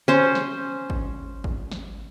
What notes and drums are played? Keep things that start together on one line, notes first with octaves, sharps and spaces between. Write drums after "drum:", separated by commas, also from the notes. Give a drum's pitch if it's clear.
C#4 C5
drum: snare
drum: kick
drum: kick
drum: snare